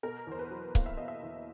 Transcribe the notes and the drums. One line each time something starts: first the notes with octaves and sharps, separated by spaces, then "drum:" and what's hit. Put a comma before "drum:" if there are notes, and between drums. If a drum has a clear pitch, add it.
B2 A#4
E2 C5
B4
F#3
A#3 F5, drum: kick C#1
E5
B2 D#5
E5
E2